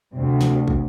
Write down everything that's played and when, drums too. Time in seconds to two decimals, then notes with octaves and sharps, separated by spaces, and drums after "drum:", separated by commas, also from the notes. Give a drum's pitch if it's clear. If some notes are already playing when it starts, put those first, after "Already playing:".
0.14 D2 C3
0.41 drum: snare
0.68 drum: kick